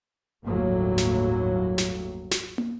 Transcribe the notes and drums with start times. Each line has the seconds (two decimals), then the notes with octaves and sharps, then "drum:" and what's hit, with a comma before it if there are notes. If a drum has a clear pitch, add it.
0.44 G1 D#2 A2 F#3 A#3
0.98 drum: snare
1.78 drum: snare
2.31 drum: snare
2.58 drum: tom